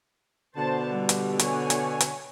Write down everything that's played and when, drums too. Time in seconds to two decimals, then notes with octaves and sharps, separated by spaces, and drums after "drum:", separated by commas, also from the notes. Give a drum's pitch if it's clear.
0.56 B2 D3 C5 A5
0.91 G3
1.09 drum: hi-hat
1.39 C#5 G#5, drum: hi-hat
1.70 drum: hi-hat
2.01 drum: hi-hat